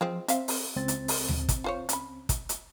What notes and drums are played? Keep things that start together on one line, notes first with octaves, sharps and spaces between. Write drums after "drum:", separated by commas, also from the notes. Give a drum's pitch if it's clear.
F3 G#3 C4 F4
C4 E5 F5, drum: hi-hat
drum: open hi-hat
C#2 C4 A6
drum: hi-hat
drum: open hi-hat
drum: tom D2
drum: kick, hi-hat
F4 C5 C#5
C#4 B5, drum: hi-hat
drum: kick, hi-hat
drum: hi-hat